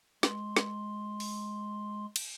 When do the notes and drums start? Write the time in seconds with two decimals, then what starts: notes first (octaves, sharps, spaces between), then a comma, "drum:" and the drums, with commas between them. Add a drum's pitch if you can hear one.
0.23 G#3 C6, drum: snare
0.56 drum: snare
1.20 drum: open hi-hat
2.16 drum: cymbal